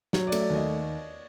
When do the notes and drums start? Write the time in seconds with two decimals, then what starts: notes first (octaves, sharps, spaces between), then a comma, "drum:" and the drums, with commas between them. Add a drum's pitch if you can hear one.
0.13 F#3 C#5, drum: snare
0.27 D5
0.32 A3, drum: cymbal
0.41 D5
0.50 D#2
0.55 D#5